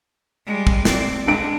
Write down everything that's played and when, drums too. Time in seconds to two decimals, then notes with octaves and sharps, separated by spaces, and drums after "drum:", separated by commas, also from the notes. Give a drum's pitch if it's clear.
0.46 G3 G#3
0.67 drum: kick
0.85 C4 D5, drum: snare
1.27 G#3 D4 D7